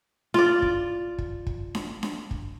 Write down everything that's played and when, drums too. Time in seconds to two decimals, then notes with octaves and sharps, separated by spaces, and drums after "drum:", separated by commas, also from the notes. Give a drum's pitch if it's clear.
0.34 F4 D5, drum: snare D4
0.62 drum: kick
1.18 drum: kick
1.47 drum: kick
1.75 drum: snare D4
2.03 drum: snare D4
2.31 drum: kick